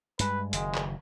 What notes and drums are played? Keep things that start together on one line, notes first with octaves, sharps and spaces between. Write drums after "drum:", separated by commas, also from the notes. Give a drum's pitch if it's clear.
G2 G#3 B4, drum: hi-hat
F#1 D#3 G#3, drum: hi-hat
drum: clap